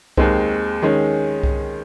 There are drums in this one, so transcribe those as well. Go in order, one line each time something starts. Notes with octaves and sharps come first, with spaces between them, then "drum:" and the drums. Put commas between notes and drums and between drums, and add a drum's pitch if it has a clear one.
D#2 D#3 G#3 C4, drum: kick C2
D#3 G#3 C#4
drum: kick C2